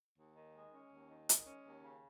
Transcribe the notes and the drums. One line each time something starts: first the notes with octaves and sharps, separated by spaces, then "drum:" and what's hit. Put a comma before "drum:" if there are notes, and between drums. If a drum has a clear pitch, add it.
D#2
D#3
G#3
C#4
D#2
D#3
G#3, drum: hi-hat
C#4
D#2
C#3